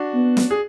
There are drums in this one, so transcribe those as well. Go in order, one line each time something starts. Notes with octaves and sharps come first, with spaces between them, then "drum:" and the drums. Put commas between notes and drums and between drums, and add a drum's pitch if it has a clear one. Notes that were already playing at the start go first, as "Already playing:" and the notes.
Already playing: D4 F#4
B3
drum: snare
G#4